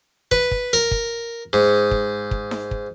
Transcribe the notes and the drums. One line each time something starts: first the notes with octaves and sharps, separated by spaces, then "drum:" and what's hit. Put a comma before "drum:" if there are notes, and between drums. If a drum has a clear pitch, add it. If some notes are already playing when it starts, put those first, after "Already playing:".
B4, drum: kick
drum: kick
A#4
drum: kick
G#2
drum: kick
drum: kick
drum: snare D#4
drum: kick